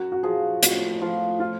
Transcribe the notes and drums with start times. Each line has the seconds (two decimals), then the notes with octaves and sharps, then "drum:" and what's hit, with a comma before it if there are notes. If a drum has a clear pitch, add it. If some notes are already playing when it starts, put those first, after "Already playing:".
Already playing: F#2 F#4
0.12 F#4
0.23 F3 G#4
0.63 A2 F#4, drum: hi-hat
1.02 F3 F4
1.40 F3 F4